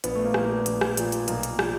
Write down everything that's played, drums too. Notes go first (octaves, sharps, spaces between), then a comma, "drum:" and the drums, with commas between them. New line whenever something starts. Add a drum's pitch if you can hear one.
A#1 B3, drum: hi-hat
A3
A#3
A#2 F3, drum: rim click
A#3
A#1, drum: hi-hat
drum: rim click
A#2 F3, drum: hi-hat
drum: hi-hat
B1 A#3, drum: hi-hat
drum: hi-hat
A#2 F3, drum: rim click